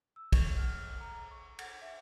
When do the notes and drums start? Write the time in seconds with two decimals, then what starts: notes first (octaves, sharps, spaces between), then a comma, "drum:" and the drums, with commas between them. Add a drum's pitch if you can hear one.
0.16 E6
0.32 C#6, drum: kick, cymbal
0.58 F6
1.00 A#5
1.31 C#6
1.59 F#5, drum: cymbal
1.81 E5